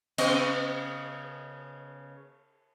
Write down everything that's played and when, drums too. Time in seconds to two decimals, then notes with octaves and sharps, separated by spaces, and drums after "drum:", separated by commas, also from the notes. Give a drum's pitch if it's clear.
0.18 C#3 B3 D#5, drum: cymbal